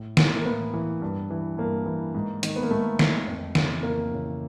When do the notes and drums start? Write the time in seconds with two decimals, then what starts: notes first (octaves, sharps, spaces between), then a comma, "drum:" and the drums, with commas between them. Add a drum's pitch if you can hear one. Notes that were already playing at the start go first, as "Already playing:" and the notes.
Already playing: A2
0.17 E3, drum: snare
0.36 A#3
0.45 A2 B3
0.74 E3
1.02 G2
1.30 E3
1.58 G2 A#3
1.86 E3
2.15 G#2
2.43 D#3, drum: hi-hat
2.56 B3
2.63 A#3
2.71 G#2 A3
2.99 D#3, drum: snare
3.27 F2
3.55 C#3 E3, drum: snare
3.83 F2 A#3
4.11 C#3 E3